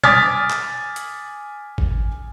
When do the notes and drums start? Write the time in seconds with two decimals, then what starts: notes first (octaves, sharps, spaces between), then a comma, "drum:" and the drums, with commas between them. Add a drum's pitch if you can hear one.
0.03 G#5 D6 D#6 F6 A6 B6, drum: tom
0.50 drum: clap
0.96 drum: hi-hat
1.78 drum: kick G#1